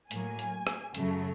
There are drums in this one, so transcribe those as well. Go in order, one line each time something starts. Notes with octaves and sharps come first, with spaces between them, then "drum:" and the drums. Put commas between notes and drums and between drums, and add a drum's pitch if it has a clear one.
A2 F#3 A#3 G#5, drum: hi-hat
drum: hi-hat
drum: rim click
F#2 C#3 F#3 A3, drum: hi-hat